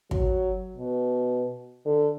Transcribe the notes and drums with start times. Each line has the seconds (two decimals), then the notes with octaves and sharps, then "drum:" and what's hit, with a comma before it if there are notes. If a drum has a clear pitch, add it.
0.11 F#3, drum: kick
0.77 B2
1.85 D3